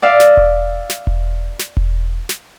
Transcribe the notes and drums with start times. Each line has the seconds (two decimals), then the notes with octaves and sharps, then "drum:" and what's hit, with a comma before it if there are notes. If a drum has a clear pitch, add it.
0.02 D5 E5 F5
0.20 drum: snare
0.37 drum: kick E1
0.90 drum: snare
1.07 drum: kick E1
1.59 drum: snare
1.77 drum: kick E1
2.29 drum: snare